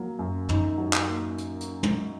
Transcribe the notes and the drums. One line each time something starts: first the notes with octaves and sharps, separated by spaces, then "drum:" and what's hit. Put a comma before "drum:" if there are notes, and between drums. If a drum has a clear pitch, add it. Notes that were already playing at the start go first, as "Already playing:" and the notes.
Already playing: F#3 A#3
F#2
D#4, drum: tom
F#3
drum: clap
A#3
drum: hi-hat
drum: hi-hat
drum: tom